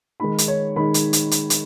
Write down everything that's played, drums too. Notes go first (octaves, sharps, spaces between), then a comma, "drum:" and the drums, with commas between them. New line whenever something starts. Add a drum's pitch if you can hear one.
D#3 G#3 D#4 B5
drum: hi-hat
C#5
D#3 G#3 D#4 B5
drum: hi-hat
drum: hi-hat
drum: hi-hat
drum: hi-hat